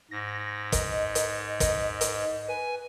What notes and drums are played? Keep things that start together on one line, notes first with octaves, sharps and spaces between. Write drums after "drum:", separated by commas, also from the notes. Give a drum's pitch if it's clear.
G#2 A#6
D#5, drum: kick, hi-hat
drum: hi-hat
D#5, drum: kick, hi-hat
drum: hi-hat
B4 G#5